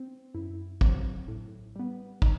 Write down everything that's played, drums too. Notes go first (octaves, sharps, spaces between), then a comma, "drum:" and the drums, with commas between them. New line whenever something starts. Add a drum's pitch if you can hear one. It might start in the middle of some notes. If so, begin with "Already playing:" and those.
Already playing: C4
F#2 E4
F#3 C4, drum: kick
A2
G3 B3
A2 D#4, drum: kick